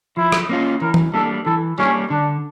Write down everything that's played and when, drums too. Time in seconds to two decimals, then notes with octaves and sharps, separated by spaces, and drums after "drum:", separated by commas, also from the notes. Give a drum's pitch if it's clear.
0.17 F3 E4
0.32 drum: rim click
0.49 A#3 C#4 F4
0.81 E3 A#4
0.94 drum: tom E3
1.13 G3 A#3 D4 A4
1.46 E3 A4
1.79 G3 A#3 C#4 D4
2.10 D3 D4